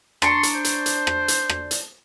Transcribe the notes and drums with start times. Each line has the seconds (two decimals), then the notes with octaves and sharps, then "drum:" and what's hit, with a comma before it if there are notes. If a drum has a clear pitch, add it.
0.22 D4 A#5 C6 C#6, drum: rim click
0.43 drum: hi-hat
0.55 C5
0.64 drum: hi-hat
0.86 drum: hi-hat
1.07 drum: rim click
1.28 drum: hi-hat
1.49 drum: rim click
1.71 drum: hi-hat